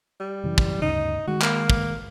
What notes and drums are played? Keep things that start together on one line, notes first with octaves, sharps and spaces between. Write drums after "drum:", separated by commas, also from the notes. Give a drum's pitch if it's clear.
G3
F#2 C#3 E3
drum: kick
D2 G2 C#3 D#4
D#3 G#3 F#4
A#3, drum: clap
drum: kick